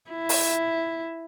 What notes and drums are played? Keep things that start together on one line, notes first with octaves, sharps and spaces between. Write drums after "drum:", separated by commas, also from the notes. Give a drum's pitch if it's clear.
E4
drum: open hi-hat